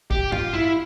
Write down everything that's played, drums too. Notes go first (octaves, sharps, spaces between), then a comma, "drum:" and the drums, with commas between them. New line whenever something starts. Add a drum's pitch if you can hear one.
G4, drum: kick
F4, drum: tom G2
E4